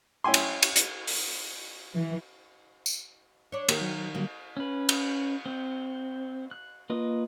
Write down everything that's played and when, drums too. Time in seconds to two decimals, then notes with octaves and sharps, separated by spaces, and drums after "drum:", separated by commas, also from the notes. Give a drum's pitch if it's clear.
0.24 C#4 E4 G5 G#5 C6
0.34 drum: cymbal
0.63 drum: cymbal
0.76 drum: hi-hat
1.07 drum: open hi-hat
1.95 E3
2.86 drum: tambourine
3.52 D4 C#5
3.69 D#3 A#3 G4 A#4, drum: cymbal
3.81 F#3
4.15 D3 F#3 G3 A#3
4.57 C#4 B4
4.89 drum: cymbal
5.46 C4
6.51 F#6
6.90 A#3 F4 B4 D#5